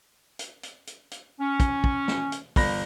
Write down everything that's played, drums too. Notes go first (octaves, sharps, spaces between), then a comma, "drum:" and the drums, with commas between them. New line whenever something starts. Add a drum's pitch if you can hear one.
drum: hi-hat
drum: hi-hat
drum: hi-hat
drum: hi-hat
C#4
drum: kick, hi-hat
drum: kick
drum: snare
drum: hi-hat
G1 B5 A#6, drum: kick, open hi-hat